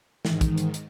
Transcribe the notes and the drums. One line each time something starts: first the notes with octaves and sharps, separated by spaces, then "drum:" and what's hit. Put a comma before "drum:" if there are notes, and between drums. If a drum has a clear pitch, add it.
G#2 D#3 E3, drum: snare
drum: kick, hi-hat
drum: hi-hat
drum: hi-hat